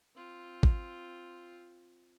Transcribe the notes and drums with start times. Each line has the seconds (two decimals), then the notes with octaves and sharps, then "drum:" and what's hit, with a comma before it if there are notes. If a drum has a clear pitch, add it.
0.15 C4 F4
0.63 drum: kick